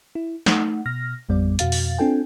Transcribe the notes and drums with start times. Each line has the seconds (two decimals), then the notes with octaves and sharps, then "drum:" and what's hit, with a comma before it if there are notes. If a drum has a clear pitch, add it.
0.15 E4
0.46 A3 D#4 F#5, drum: snare
0.86 B2 F6 A#6
1.29 A1 F2 G3 B3 D5
1.59 F2 B2 F#4 F5 A6, drum: hi-hat
1.72 drum: open hi-hat
1.98 C4 D4 F4 A4 G5 G#5